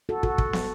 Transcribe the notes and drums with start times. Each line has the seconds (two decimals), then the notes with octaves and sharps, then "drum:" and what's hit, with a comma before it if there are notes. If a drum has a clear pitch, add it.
0.09 F#4 A4
0.23 F#4 A4, drum: kick
0.38 drum: kick
0.53 drum: snare